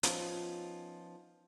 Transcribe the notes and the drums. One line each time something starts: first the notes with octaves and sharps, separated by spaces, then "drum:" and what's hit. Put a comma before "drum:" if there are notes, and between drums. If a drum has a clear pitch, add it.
F3 B3 C#4 D#4 F4, drum: hi-hat